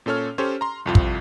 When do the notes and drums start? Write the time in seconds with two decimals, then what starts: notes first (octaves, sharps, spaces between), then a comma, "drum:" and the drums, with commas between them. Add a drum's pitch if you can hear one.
0.06 A#2 C#4 A4 C#5 F6
0.38 C#4 G4 A4 C5 C#5
0.61 A#5 C6
0.86 C2 F2 F4
0.95 drum: kick